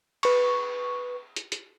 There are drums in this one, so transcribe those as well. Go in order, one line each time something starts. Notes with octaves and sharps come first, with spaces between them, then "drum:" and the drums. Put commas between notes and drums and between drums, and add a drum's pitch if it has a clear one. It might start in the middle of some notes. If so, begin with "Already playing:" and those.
B4 C#6, drum: cymbal
drum: hi-hat
drum: hi-hat